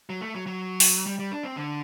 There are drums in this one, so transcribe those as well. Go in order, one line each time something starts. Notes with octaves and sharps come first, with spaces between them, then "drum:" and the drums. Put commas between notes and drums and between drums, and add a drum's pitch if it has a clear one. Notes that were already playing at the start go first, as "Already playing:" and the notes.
F#3
A3
F#3
F#3
drum: open hi-hat
G3
G3
D4
C4
D3